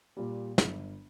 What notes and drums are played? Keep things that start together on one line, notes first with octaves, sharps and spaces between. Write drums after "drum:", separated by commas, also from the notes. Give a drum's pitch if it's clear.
A#2 G3
G1, drum: snare